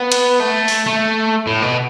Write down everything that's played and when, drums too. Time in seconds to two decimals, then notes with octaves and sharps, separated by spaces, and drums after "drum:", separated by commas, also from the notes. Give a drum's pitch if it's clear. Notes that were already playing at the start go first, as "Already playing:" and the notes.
Already playing: B3
0.12 drum: cymbal
0.40 A3
0.68 drum: open hi-hat
0.86 A3
1.47 A2
1.62 B2